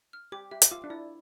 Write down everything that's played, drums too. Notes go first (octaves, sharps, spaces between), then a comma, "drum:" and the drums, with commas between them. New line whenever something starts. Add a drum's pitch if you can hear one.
F6
G4 D6
G4 E5
drum: hi-hat
F4 D6
D4
E4 D5